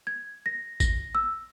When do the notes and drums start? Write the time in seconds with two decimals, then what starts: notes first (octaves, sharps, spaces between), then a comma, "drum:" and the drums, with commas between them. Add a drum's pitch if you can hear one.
0.07 G#6
0.46 A#6
0.80 A#6, drum: kick A1, tambourine
1.15 E6